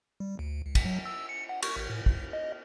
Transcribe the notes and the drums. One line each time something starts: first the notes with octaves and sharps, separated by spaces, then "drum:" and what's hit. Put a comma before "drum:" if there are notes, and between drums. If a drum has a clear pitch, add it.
G3
D2
C#2
drum: kick, cymbal
F#3
E6
C#7
F#5
C#6, drum: cymbal
A1
A2
C2, drum: kick
D#5